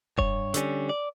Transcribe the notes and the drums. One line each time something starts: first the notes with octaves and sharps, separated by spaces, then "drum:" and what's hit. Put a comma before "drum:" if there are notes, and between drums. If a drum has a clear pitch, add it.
G2 C#5, drum: kick F1
D3 G3 C#4, drum: hi-hat
D5